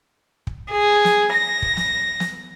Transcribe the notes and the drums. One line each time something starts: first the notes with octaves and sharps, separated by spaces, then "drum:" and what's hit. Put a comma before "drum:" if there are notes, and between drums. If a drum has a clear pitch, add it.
drum: kick
G#4
drum: snare
A#6
drum: kick
drum: snare
drum: snare